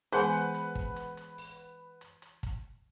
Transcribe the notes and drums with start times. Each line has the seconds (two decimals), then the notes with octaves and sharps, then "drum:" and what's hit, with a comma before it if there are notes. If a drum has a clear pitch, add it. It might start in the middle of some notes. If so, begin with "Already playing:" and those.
0.13 E3 G#3 B3 G#4 B4 C5 F#5 G#5
0.33 drum: hi-hat
0.54 drum: hi-hat
0.75 drum: kick
0.96 drum: hi-hat
1.17 drum: hi-hat
1.38 drum: open hi-hat
2.01 drum: hi-hat
2.22 drum: hi-hat
2.43 drum: kick, hi-hat